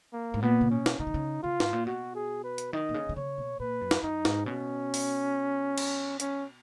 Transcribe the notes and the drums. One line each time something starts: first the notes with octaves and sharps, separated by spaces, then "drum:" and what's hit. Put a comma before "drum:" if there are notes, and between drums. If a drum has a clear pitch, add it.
A#3
G#2
A#2 B3
C#3
B2 C#4
drum: snare
C#3 D#4
D#3
C#3
C#3 F4
G#2, drum: snare
A#2
B2 F#4
G#4
B4
drum: hi-hat
D#3 D#5
B2
C#3
D#3
C#3 C#5
B2
A#2 B4
F#2
drum: snare
F#2 D#4
G#2, drum: snare
B2 C#4
drum: open hi-hat
drum: cymbal
C#4, drum: hi-hat